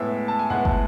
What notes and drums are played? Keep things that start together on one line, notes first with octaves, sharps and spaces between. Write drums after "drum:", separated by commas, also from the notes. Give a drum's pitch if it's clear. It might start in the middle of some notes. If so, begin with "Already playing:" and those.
Already playing: A2 G#3 B3 E5
A5
G#5
A2 G#3 B3 F#5
A5, drum: kick